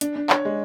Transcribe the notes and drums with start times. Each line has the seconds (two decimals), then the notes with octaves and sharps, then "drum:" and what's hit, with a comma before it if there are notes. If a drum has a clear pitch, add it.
0.01 D4, drum: hi-hat
0.16 D4
0.30 C#5, drum: clap
0.45 G#3